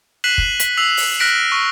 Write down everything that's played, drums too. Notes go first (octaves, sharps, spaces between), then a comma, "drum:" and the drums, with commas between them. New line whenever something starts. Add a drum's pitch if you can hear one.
F#6 B6 C7 D#7 E7 F#7
drum: kick
B6, drum: hi-hat
E6 B6 C7 F7 F#7
drum: open hi-hat
F6 F#6 A#6 B6 D7
C#6